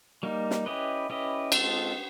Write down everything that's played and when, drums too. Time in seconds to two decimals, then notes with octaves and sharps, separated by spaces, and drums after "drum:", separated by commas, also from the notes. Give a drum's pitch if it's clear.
0.23 G3 A#3 D#4
0.51 drum: snare
0.66 C#4 E4 G4 B4 D#5
1.10 C#4 E4 G4 B4 D#5
1.52 G#3 C4 F4 A4, drum: cymbal